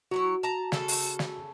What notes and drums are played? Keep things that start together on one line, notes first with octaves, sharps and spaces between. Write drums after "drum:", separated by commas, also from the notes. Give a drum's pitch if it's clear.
F#3 E4 F#4 C#5
A5 A#5
C#3 A4, drum: snare
drum: open hi-hat
drum: snare